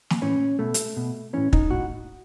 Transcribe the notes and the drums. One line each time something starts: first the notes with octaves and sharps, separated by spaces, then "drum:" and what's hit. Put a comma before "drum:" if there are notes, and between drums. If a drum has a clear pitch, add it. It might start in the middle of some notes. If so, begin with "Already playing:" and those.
drum: snare
A2 E3 C#4
B2 A3
drum: hi-hat
B2
A2 E3 C#4
D#4, drum: kick
A2 F#4